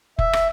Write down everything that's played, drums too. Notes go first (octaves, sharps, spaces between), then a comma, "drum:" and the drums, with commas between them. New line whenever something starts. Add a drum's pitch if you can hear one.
E5, drum: kick F1
drum: rim click